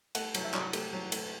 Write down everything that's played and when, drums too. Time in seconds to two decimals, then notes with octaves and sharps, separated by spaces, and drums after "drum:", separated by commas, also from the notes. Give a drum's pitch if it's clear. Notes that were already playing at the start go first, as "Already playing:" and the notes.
0.15 A3 F#5, drum: cymbal
0.34 F#3, drum: cymbal
0.44 E5
0.54 F#3, drum: clap
0.73 A3 G4, drum: cymbal
0.93 F#3
1.12 A3, drum: cymbal